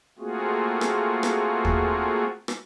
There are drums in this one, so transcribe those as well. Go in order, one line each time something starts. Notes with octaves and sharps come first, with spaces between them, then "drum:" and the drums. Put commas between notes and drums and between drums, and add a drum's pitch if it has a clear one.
A3 A#3 C4 F4 F#4 G#4
drum: rim click
drum: rim click
drum: kick
drum: rim click